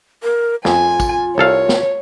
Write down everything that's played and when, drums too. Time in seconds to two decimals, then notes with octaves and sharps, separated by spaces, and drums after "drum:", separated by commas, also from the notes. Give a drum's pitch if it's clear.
0.23 A#4
0.65 F2 F4 G#5, drum: snare
1.00 drum: kick, tambourine
1.38 C2 A4 C#5 F5
1.69 drum: snare